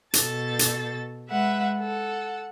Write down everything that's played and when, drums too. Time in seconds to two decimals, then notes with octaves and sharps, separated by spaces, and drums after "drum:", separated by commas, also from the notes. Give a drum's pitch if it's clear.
0.14 B2 A4 A6, drum: hi-hat
0.59 drum: hi-hat
1.29 G#3 B4 E5 F#5
1.79 A4 F#5